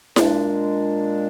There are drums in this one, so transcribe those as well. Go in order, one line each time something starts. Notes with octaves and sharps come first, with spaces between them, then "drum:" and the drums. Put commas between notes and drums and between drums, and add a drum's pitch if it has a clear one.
A#2 G#3 D4, drum: snare E4